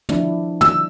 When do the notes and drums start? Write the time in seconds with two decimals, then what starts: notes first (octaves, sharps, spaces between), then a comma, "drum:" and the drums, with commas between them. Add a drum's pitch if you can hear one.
0.09 F3 D4 E4, drum: tom
0.61 E6, drum: tom